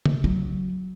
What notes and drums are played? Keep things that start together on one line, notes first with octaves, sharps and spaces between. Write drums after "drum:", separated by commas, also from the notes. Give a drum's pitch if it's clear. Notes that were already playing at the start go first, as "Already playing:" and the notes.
drum: tom C#3
F#3